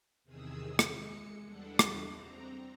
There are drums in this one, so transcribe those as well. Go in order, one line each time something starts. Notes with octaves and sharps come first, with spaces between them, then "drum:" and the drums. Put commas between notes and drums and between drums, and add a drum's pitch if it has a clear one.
E2 C3 D#3 G#4 D#6 E6
G#3 C#7, drum: rim click
E2 G3 D4 A4 F#5
drum: rim click
C4 A#5